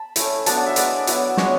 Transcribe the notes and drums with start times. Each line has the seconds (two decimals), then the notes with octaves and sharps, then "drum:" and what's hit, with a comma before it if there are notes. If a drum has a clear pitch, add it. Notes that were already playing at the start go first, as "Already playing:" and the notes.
Already playing: A5 B5
0.16 A3 C#4 E4, drum: hi-hat
0.46 F#3 B3 D4 A5, drum: hi-hat
0.57 F#5
0.66 E5
0.76 G#3 B3 D4 D5, drum: hi-hat
1.07 F#3 B3 E4, drum: hi-hat
1.37 G#3 B3 D4 C#5, drum: snare